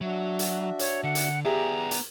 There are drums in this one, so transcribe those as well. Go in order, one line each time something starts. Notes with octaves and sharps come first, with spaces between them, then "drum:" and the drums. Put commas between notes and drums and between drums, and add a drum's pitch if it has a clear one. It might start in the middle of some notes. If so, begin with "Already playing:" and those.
F#3 D4 F#4 E5
drum: hi-hat
C#5, drum: hi-hat
D3 F#5
drum: hi-hat
B3 G4 G#4 D5 E5 A#5
drum: hi-hat